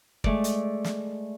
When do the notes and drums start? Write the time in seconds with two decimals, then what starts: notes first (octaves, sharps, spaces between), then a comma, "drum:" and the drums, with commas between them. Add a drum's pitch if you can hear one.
0.24 G#3 A3 D5, drum: kick
0.44 drum: hi-hat
0.85 drum: snare